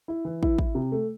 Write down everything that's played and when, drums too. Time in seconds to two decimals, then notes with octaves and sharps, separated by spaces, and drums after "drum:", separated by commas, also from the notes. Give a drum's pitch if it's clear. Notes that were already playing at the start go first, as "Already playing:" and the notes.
0.08 E4
0.25 E3
0.43 E4, drum: kick
0.58 E4, drum: kick
0.75 C3
0.92 A3